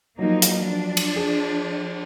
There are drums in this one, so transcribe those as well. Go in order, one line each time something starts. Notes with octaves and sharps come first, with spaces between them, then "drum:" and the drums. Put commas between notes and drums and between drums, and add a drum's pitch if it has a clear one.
F3 F#3 A#3 D#4
drum: hi-hat
F3 D4
drum: cymbal
G#4